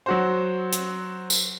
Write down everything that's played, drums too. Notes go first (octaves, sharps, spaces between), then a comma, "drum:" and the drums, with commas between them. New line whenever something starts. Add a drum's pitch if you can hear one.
F#3 F#4 C5
drum: hi-hat
drum: tambourine